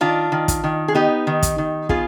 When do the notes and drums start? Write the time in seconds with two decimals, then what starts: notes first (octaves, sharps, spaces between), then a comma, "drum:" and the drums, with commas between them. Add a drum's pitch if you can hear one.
0.01 D#3 D4 F4
0.32 D#3
0.48 drum: kick, hi-hat
0.64 D#3
0.88 G#4
0.95 B3 D#4 G4
1.27 D#3
1.42 drum: kick, hi-hat
1.58 D#3
1.89 B3 F4 G#4, drum: kick